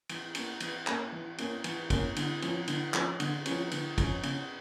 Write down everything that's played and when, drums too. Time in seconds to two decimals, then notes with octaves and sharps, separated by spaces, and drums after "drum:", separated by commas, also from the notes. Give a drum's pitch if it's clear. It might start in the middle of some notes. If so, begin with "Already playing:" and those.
0.09 E3, drum: cymbal
0.35 A#3 C#4, drum: cymbal
0.60 E3, drum: cymbal
0.87 A#3 C#4, drum: clap
1.12 E3
1.38 A#3 C#4, drum: cymbal
1.64 E3, drum: cymbal
1.90 A#3 C#4, drum: kick, cymbal
2.16 D3, drum: cymbal
2.42 F3 C#4, drum: cymbal
2.68 D3, drum: cymbal
2.94 F3 C#4, drum: clap
3.20 D3, drum: cymbal
3.46 F3 C#4, drum: cymbal
3.71 D3, drum: cymbal
3.98 F3 C#4, drum: kick, cymbal
4.23 C#3, drum: cymbal